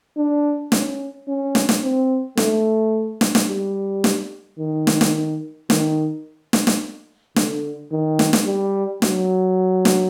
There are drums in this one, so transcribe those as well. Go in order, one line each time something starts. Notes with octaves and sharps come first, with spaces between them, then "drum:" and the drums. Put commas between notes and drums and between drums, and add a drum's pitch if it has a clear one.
D4
C#4, drum: snare
C#4
drum: snare
drum: snare
C4
A3, drum: snare
drum: snare
drum: snare
G3
drum: snare
D#3
drum: snare
drum: snare
D#3, drum: snare
drum: snare
drum: snare
D3, drum: snare
D#3
drum: snare
drum: snare
G3
F#3, drum: snare
drum: snare